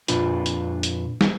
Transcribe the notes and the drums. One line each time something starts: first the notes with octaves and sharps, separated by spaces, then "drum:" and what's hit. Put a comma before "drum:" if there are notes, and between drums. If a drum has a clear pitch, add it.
F2 A#2 D4 F4 B4, drum: hi-hat
drum: hi-hat
drum: hi-hat
drum: snare